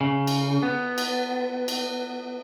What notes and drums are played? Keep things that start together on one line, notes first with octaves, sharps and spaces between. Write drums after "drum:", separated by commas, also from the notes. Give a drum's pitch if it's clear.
C#3
drum: cymbal
B3
drum: cymbal
drum: cymbal